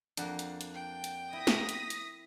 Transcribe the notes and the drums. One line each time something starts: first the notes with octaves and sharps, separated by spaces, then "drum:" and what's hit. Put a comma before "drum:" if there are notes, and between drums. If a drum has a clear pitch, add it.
F2 A#3 D4 F#5, drum: hi-hat
drum: hi-hat
drum: hi-hat
G5
drum: hi-hat
E4 D#6 A#6 B6
drum: snare
drum: hi-hat
drum: hi-hat